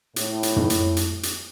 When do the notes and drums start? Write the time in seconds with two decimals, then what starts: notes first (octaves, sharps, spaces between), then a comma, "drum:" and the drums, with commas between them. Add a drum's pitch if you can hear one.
0.16 A2, drum: hi-hat
0.43 drum: hi-hat
0.56 drum: tom
0.70 drum: hi-hat
0.97 drum: hi-hat
1.23 drum: hi-hat